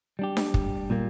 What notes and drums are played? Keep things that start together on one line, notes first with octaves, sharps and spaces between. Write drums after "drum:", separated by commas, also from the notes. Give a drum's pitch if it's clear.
G3 D4 G4
drum: snare D4
drum: kick
A#2 G3 A#3